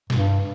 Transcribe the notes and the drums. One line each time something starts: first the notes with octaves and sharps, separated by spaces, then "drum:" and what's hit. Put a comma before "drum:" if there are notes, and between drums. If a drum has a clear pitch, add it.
G2, drum: snare